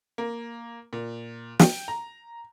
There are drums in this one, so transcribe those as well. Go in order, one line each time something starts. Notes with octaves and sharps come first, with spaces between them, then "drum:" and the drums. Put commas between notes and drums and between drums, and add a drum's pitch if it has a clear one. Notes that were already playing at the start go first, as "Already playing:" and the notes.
A#3
A#2
G5, drum: snare
A#5